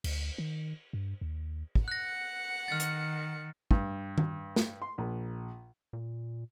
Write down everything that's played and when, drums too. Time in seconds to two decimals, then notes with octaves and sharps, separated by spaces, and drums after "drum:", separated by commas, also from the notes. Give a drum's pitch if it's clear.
0.04 D2, drum: cymbal
0.38 D#3
0.93 G2
1.21 D#2
1.75 drum: kick
1.88 F#5 F#6 A#6 C#7
2.68 D#3 F6 A6
2.80 drum: hi-hat
3.71 G2, drum: kick
4.18 drum: tom
4.56 drum: snare
4.82 C6
4.98 A#1
5.93 A#2